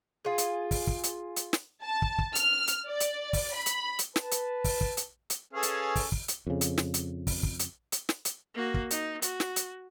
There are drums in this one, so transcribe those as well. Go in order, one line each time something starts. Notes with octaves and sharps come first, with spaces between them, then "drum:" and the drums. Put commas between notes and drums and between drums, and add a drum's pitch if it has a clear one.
F4 G#4
drum: hi-hat
drum: kick, open hi-hat
drum: kick
drum: hi-hat
drum: hi-hat
drum: snare
A5
drum: kick
drum: kick
F6, drum: hi-hat
drum: hi-hat
D5
drum: hi-hat
drum: kick, open hi-hat
B5
drum: hi-hat
drum: hi-hat
B4 A5, drum: snare
drum: hi-hat
drum: kick, open hi-hat
drum: kick
drum: hi-hat
drum: hi-hat
C#4 G#4 A4 B4 F5 G#5
drum: hi-hat
drum: kick, open hi-hat
drum: kick
drum: hi-hat
F2 C#3
drum: hi-hat
drum: snare
drum: hi-hat
drum: kick, open hi-hat
drum: kick
drum: hi-hat
drum: hi-hat
drum: snare
drum: hi-hat
A#3 F#4
drum: kick
D#4, drum: hi-hat
F#4, drum: hi-hat
drum: snare
drum: hi-hat